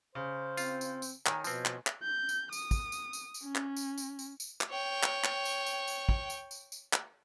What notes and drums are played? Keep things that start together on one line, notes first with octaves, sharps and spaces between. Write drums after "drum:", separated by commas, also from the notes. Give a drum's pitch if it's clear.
C#3 C5
C4 F4, drum: tambourine
drum: tambourine
drum: tambourine
D#3 D#4 C#5 G#5 A#5, drum: clap
B2 F3 C4 B4 C#5, drum: tambourine
drum: clap
drum: clap
G6
drum: tambourine
D#6, drum: tambourine
drum: kick, tambourine
drum: tambourine
drum: tambourine
drum: tambourine
C#4
drum: clap
drum: tambourine
drum: tambourine
drum: tambourine
drum: tambourine
drum: clap
C#5 G5
drum: clap
drum: clap
drum: tambourine
drum: tambourine
drum: tambourine
drum: kick
drum: tambourine
drum: tambourine
drum: tambourine
drum: clap